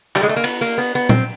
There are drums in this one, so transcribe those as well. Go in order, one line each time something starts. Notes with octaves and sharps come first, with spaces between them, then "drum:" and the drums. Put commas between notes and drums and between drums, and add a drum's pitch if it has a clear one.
G3, drum: clap
G#3
A3
A#3
B3, drum: cymbal
A#3
B3
B3
C4, drum: tom A#2